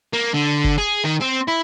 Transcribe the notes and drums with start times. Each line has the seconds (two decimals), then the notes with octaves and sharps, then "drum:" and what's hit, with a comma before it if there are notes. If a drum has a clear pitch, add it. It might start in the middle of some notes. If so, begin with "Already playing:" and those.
0.13 A#3
0.34 D3
0.64 drum: kick F#1
0.78 G#4
1.04 D#3
1.21 C4
1.48 E4